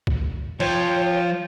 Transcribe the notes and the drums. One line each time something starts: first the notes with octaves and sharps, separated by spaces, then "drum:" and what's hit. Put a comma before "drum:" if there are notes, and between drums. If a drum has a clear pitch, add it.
drum: kick
F3 F4 C5 C#5 G5, drum: cymbal